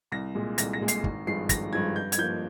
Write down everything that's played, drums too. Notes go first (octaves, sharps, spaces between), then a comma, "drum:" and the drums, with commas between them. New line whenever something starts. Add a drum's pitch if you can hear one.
C2 A#6
A#2 G#3
C2 A#6, drum: hi-hat
A#6
A#2 G#3
C7, drum: hi-hat
G#1, drum: kick
G2 F3 G#3 C7
G#1 A#6, drum: kick, hi-hat
G2 F3 G#3 G#6
G2 G6
G#6, drum: hi-hat
F3 A#3 G6